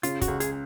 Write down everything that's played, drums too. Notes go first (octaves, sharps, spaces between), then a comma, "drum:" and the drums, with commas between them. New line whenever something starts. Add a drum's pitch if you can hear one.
C#3 F4, drum: hi-hat
F#4, drum: kick, hi-hat
C#2
G#4, drum: hi-hat